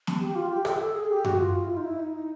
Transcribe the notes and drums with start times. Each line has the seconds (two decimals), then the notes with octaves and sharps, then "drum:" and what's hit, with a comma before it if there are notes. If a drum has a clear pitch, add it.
0.07 drum: snare
0.20 G4
0.35 F4
0.50 G4
0.65 A4, drum: rim click
0.80 A4
0.95 G#4
1.10 G4
1.24 F#4, drum: tom F#2
1.40 F4
1.65 E4
1.70 F4
1.77 D#4
1.85 E4
1.99 D#4